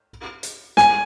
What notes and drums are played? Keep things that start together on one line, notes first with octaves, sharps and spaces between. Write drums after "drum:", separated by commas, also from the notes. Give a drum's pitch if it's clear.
drum: hi-hat
G#5, drum: snare